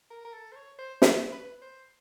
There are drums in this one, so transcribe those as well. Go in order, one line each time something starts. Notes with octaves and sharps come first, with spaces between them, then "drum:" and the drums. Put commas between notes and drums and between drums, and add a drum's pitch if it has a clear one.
A#4
A#4
A4
C5
C#5
C5
C#5, drum: snare
B4
C5